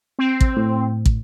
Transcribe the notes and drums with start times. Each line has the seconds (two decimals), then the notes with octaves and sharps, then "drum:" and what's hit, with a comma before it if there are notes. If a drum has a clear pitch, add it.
0.19 C4
0.41 drum: kick
0.57 A2
1.06 drum: kick